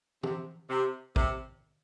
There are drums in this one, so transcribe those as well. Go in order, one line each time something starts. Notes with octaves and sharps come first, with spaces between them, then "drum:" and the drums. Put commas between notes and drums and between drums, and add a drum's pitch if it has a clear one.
C3, drum: tom
C3
C3, drum: kick